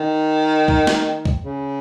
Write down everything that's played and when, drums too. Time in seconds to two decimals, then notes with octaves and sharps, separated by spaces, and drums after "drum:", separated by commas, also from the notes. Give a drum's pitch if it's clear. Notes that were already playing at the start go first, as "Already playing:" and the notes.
Already playing: D#3
0.68 drum: kick
0.87 drum: snare
1.25 drum: kick
1.44 C#3